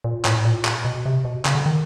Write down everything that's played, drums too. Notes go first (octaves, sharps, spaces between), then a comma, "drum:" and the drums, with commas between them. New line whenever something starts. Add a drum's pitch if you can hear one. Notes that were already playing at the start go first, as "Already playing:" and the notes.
A#2
A2, drum: clap
A#2
drum: clap
B2
C3
B2
C#3, drum: clap
D3
D#3